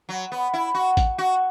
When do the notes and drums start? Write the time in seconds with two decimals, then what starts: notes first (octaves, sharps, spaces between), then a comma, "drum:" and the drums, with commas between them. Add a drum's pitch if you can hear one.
0.09 F#3
0.32 B3
0.54 E4
0.75 F#4
0.97 drum: kick, hi-hat
1.18 F#4